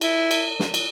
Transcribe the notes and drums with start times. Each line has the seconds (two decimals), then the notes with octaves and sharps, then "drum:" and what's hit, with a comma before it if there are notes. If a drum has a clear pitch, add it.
0.01 E4, drum: cymbal
0.31 drum: cymbal
0.60 drum: snare
0.74 drum: cymbal